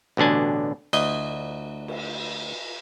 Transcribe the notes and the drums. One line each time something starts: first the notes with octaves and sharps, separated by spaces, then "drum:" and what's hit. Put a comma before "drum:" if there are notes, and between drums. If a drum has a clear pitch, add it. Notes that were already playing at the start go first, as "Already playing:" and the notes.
A1 B2 D3 D4 G#5
D2 D#5, drum: cymbal
drum: cymbal